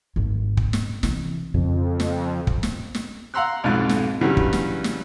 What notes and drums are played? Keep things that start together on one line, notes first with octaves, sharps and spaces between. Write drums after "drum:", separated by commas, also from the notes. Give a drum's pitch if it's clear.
G#1 A3
drum: kick
drum: snare
C3 E3, drum: snare
F2 C#3
drum: snare
drum: kick
drum: snare
drum: snare
F5 F#5 A#5 C6 E6 F#6
B1 F2 G#2 F4 F#6
drum: snare
G2 C#3 E3 F#3 G3
drum: kick
drum: snare
drum: snare